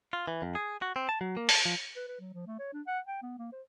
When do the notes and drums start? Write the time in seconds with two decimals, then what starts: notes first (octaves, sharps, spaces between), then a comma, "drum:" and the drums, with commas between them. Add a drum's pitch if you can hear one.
0.13 F4
0.28 E3
0.42 F2
0.55 G#4
0.82 F#4
0.96 C4
1.09 A5
1.21 F#3
1.37 A#3
1.49 A5, drum: open hi-hat
1.65 F3
1.97 B4
2.08 B4
2.21 F#3
2.34 F3
2.47 A3
2.59 C#5
2.73 D4
2.87 F#5
3.07 G5
3.23 B3
3.39 A#3
3.53 C5